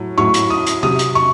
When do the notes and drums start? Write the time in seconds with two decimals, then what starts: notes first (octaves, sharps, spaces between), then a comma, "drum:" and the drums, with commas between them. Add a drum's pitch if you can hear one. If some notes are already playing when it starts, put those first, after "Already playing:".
Already playing: A2 F#3
0.18 A2 F#3 C#6
0.34 drum: hi-hat
0.50 D#6
0.66 drum: hi-hat
0.83 C3 F#3 D#6
0.99 drum: hi-hat
1.15 C#6